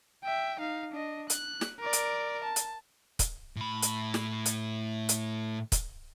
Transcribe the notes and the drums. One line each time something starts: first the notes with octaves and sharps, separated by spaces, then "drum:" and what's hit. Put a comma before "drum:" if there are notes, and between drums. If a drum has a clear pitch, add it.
E5 G5
D#4 F5
D4 D#5
F#6, drum: hi-hat
drum: snare
A#4 D5
drum: hi-hat
A5
drum: hi-hat
drum: kick, hi-hat
A2 B5
drum: hi-hat
drum: snare
drum: hi-hat
drum: hi-hat
drum: kick, hi-hat